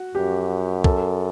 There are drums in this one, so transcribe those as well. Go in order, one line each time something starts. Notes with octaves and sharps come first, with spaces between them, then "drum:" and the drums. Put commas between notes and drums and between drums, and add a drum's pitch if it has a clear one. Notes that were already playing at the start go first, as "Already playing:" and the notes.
Already playing: F#4
F#2 G4
A4, drum: kick